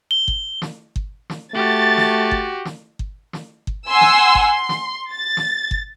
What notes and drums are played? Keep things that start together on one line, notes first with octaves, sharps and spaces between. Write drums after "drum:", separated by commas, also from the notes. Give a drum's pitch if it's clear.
G7
drum: kick G1
drum: snare
drum: kick G1
drum: snare
A3 F#4 G4 A6
drum: snare
drum: kick G1
drum: snare
drum: kick G1
drum: snare
drum: kick G1
F#5 G#5 C6 E6
drum: snare
drum: kick G1
C6
drum: snare
A6
drum: snare
drum: kick G1